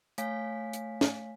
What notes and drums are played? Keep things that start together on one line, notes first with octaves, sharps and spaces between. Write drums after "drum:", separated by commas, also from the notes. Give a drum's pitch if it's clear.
A3 C#5 F5 G#5 B6, drum: hi-hat
drum: hi-hat
drum: snare